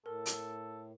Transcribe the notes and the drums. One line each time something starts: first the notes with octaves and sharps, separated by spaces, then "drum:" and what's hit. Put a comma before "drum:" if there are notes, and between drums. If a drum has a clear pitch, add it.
A2 A4 A#4
drum: hi-hat